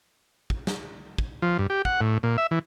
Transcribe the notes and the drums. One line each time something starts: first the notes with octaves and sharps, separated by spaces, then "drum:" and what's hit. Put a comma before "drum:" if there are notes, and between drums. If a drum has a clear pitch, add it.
drum: kick
drum: snare
drum: kick
F3
G2
G4
F#5, drum: kick
A2
A#2
E5
E3